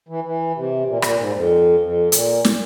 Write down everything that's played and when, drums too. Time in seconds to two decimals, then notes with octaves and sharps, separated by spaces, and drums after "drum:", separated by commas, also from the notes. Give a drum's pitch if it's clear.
0.09 E3
0.24 E3
0.55 C3
0.87 A#2
1.02 A#2, drum: rim click
1.18 G#2
1.34 F2
1.81 F2
2.12 A#2, drum: hi-hat
2.45 drum: snare